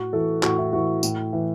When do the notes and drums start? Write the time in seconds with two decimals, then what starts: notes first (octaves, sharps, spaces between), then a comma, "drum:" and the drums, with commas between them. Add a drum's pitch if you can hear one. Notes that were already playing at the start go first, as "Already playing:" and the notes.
Already playing: A2 F#4
0.13 E3 A4
0.43 A2 F#4, drum: clap
0.58 E4
0.73 E3 F#4
1.03 A2, drum: tambourine
1.33 E3